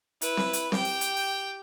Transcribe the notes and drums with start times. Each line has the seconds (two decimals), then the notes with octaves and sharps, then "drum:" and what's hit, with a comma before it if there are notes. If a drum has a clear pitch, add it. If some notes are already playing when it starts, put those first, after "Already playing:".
0.22 E4 B4, drum: hi-hat
0.37 drum: snare C4
0.53 drum: hi-hat
0.72 G4 G5, drum: snare C4
0.85 drum: open hi-hat
1.01 drum: hi-hat
1.17 drum: open hi-hat